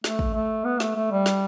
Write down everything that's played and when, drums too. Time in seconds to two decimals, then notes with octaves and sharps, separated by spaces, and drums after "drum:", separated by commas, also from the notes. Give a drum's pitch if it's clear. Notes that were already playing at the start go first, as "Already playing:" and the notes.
0.04 A3, drum: snare
0.19 drum: kick
0.34 A3
0.64 B3
0.80 A3, drum: snare
0.95 A3
1.11 G3
1.26 drum: snare